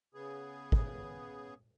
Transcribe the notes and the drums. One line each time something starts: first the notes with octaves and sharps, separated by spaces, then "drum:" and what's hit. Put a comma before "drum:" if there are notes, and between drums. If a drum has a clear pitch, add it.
C#3 B3 G#4
drum: kick